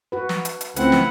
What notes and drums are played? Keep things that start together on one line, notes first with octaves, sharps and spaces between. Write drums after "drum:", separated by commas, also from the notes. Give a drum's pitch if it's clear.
F#4 B4
drum: snare
drum: hi-hat
drum: hi-hat
C#2 A3 C4 E4 B4 F#5, drum: hi-hat
drum: snare